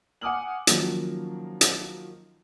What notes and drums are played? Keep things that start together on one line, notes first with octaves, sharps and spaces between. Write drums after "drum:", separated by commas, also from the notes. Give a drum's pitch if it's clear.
F#5 G#5 D6 D#6 F6 F#7
D#3 F3 F#3 A#3 C#4, drum: hi-hat
drum: hi-hat